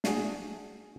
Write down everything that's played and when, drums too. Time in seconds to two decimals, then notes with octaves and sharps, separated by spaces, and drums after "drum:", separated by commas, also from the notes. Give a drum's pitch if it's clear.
0.04 D4 F#4 G#4, drum: snare